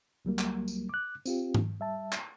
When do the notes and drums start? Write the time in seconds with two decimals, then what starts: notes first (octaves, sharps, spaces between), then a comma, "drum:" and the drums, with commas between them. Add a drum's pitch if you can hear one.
0.25 C#2 F#3 G3 A#3
0.39 drum: clap
0.68 drum: tambourine
0.89 D6 F#6
1.26 C4 F4 G4, drum: tambourine
1.54 drum: tom G#2
1.80 G3 E5 A5
2.12 drum: clap